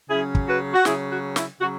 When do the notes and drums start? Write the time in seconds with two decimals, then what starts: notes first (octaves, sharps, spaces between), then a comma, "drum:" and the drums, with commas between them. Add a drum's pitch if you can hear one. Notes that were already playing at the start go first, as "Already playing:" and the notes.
0.09 C#3 F#3 C#4 E4 G#4
0.35 drum: kick
0.47 F#4 B4
0.73 F#4
0.85 C#3 F#3 C#4 E4 G#4, drum: snare
1.11 F#4
1.36 E4, drum: snare
1.60 C#3 F#3 F#4